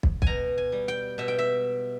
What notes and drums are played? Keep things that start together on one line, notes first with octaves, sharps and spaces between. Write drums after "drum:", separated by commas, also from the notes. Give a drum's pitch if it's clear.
drum: kick
B2 G#5 A#5, drum: kick
G#5
G3
G5
B2 E5
G5
E5